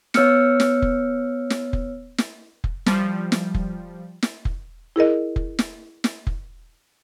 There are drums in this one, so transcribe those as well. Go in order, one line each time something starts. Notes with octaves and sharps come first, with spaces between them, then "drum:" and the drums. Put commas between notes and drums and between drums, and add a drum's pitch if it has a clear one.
B3 C#5 E6 F6 C#7, drum: snare
drum: snare
drum: kick F1
drum: snare
drum: kick F1
drum: snare
drum: kick F1
F3 G3, drum: snare
drum: snare
drum: kick F1
drum: snare
drum: kick F1
E4 G#4 A#4 D#5
drum: kick F1
drum: snare
drum: snare
drum: kick F1